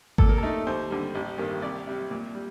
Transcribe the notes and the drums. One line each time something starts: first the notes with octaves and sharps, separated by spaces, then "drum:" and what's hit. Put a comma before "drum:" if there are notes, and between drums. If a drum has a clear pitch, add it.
A#2 A4, drum: kick G#1
A#4
A3 D#4 A4
D#2 C5
D3 G3
A1
G2 D#3 A#3
C2 D5
C3 G3
A#2
G3